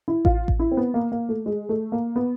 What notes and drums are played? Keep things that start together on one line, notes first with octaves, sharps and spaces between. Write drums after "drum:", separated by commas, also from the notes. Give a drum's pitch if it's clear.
E4
F4, drum: kick A1
drum: kick A1
E4
C4
B3
A#3
A#3
A3
G#3
A3
A#3
B3